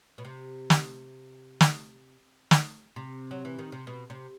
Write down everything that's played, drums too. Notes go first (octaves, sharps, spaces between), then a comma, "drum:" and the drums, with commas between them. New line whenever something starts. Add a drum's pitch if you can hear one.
B2
C3
drum: snare
drum: snare
drum: snare
C3
F#3
E3
D#3
C3
B2
C3